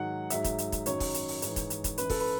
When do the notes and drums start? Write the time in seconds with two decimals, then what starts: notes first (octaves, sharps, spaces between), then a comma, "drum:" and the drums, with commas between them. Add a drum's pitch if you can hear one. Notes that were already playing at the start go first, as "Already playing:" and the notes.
Already playing: G#2 D#3 F#3 F#5
0.30 G#2 F#3 E5, drum: hi-hat
0.44 drum: kick, hi-hat
0.58 drum: hi-hat
0.72 drum: kick, hi-hat
0.86 F#2 D#3 F#3 C#5, drum: hi-hat
1.00 drum: kick, open hi-hat
1.14 drum: hi-hat
1.28 drum: open hi-hat
1.42 G#2 E3, drum: hi-hat
1.56 drum: kick, hi-hat
1.70 drum: hi-hat
1.84 drum: kick, hi-hat
1.98 F#2 E3 B4, drum: hi-hat
2.10 A4, drum: kick, open hi-hat
2.20 B4